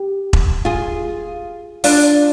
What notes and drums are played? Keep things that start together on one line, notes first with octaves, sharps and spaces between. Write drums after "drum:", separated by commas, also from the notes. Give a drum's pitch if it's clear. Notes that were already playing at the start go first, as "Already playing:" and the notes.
Already playing: G4
drum: kick E1
F4 G#4
D4 F4, drum: open hi-hat